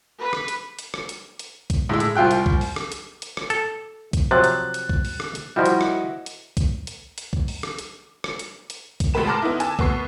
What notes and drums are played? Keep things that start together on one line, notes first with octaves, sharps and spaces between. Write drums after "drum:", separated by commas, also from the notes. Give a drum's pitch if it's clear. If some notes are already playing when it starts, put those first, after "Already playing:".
B4
drum: rim click
drum: hi-hat
drum: hi-hat
drum: rim click
drum: hi-hat
drum: hi-hat
drum: kick B1, hi-hat
A2 G#3 E6
drum: hi-hat
C2 F4 G5 F#6
drum: hi-hat
drum: kick B1
drum: open hi-hat
drum: rim click
drum: hi-hat
drum: hi-hat
drum: rim click
A4, drum: hi-hat
drum: kick B1, hi-hat
C3 F3 F#3 F#6 A6
drum: hi-hat
drum: hi-hat
drum: kick B1
drum: open hi-hat
drum: rim click
drum: hi-hat
F3 G3 E4 F#4 D#5
drum: hi-hat
drum: rim click
drum: hi-hat
drum: kick B1, hi-hat
drum: hi-hat
drum: hi-hat
drum: kick B1
drum: open hi-hat
drum: rim click
drum: hi-hat
drum: rim click
drum: hi-hat
drum: hi-hat
drum: kick B1, hi-hat
A1 B2 G#3 B4 E7
A5 A#5 C6 D6 F6 A#6
B3 D#4 E4
G#5 A5 E6, drum: hi-hat
D2 B3 C#6 C7, drum: kick B1